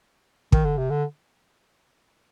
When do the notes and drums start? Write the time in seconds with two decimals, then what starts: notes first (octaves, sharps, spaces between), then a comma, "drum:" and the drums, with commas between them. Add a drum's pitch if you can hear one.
0.52 D#3, drum: kick
0.65 D3
0.78 C3
0.90 D3